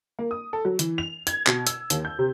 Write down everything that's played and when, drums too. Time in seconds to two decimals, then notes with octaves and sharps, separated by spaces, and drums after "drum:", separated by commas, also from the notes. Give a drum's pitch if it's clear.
0.19 A#3
0.31 D#6
0.53 A4
0.65 F#3
0.79 E3, drum: hi-hat
0.98 F7
1.27 G#6, drum: hi-hat
1.47 B2, drum: clap
1.67 E6, drum: hi-hat
1.90 D#2, drum: hi-hat
2.05 G6
2.19 C3